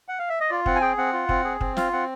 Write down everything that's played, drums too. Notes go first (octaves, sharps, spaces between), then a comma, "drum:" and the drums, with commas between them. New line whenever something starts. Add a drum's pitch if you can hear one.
F#5
F5
E5
D#5
F4 D5
C4 F#5, drum: kick
G#5
G#4 G5
C4 F#5
F4
C4, drum: kick
G#4
C4, drum: kick
F4 F5, drum: snare
C4 F#5